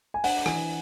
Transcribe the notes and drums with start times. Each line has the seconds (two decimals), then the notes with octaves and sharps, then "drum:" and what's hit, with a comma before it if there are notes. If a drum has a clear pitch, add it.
0.14 G#5
0.24 D4 F#5, drum: open hi-hat
0.46 E3 G#5, drum: rim click